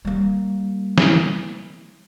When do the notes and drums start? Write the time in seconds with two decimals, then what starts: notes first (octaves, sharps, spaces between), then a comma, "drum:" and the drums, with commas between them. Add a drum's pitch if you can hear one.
0.05 G3 A#3
0.98 drum: snare